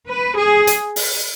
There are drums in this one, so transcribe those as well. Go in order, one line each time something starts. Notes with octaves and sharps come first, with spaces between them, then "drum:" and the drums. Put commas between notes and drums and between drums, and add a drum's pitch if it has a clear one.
B4
G#4
drum: hi-hat
drum: open hi-hat